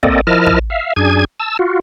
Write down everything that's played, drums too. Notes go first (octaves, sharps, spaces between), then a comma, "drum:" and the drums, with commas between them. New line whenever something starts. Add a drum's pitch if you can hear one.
A#3 C4 A4 D5 D#5, drum: kick
F3 E4 A#4 D#5 A5 F6
drum: kick
E5 F5
F#2 D4 G#4 G#5 G#6
A5 E6
F4 F#4